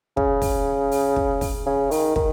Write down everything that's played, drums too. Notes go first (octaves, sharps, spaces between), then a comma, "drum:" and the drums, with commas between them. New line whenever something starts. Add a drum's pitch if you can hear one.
C#3, drum: kick
drum: kick, open hi-hat
drum: open hi-hat
drum: kick
drum: kick, open hi-hat
C#3
D#3, drum: open hi-hat
D#3, drum: kick